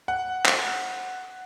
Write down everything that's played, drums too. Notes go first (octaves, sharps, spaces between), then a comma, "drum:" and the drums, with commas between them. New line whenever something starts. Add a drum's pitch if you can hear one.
F#5
drum: clap